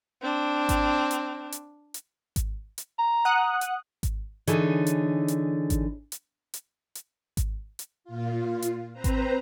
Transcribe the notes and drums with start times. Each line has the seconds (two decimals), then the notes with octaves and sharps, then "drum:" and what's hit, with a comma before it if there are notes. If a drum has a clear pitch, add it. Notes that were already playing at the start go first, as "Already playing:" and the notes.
0.22 C4 D4
0.69 drum: kick G#1, hi-hat
1.11 drum: hi-hat
1.52 drum: hi-hat
1.94 drum: hi-hat
2.36 drum: kick G#1, hi-hat
2.78 drum: hi-hat
2.99 A#5
3.25 F#5 D#6 F#6
3.61 drum: hi-hat
4.03 drum: kick G#1, hi-hat
4.47 D3 E3 D#4 G#4 C#5, drum: hi-hat
4.87 drum: hi-hat
5.28 drum: hi-hat
5.70 drum: kick G#1, hi-hat
6.12 drum: hi-hat
6.54 drum: hi-hat
6.95 drum: hi-hat
7.37 drum: kick G#1, hi-hat
7.79 drum: hi-hat
8.04 A#2 F4
8.62 drum: hi-hat
8.93 C4 B4 C5 A#5
9.04 drum: kick G#1, hi-hat